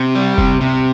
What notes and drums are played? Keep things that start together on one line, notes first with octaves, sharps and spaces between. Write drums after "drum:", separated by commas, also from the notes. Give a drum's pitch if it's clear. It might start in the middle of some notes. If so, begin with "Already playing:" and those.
Already playing: C3
G3
C3, drum: kick F1
C3